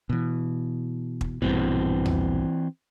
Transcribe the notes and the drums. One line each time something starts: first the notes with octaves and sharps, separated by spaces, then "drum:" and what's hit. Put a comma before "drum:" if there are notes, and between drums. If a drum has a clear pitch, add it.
B2 E3
drum: kick
A#1 G2 B2 E3 C4
drum: tom D#2